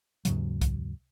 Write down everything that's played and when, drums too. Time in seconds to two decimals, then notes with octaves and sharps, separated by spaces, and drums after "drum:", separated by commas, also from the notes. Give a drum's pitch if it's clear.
0.25 D#2 G#2 C#3 F#3, drum: hi-hat
0.61 drum: kick C2, hi-hat